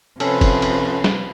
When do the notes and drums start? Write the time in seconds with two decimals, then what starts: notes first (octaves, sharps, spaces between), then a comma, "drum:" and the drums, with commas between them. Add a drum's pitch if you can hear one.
0.20 C3 F3 C#4 A4 B4, drum: cymbal
0.41 drum: kick, cymbal
0.62 drum: cymbal
1.04 drum: snare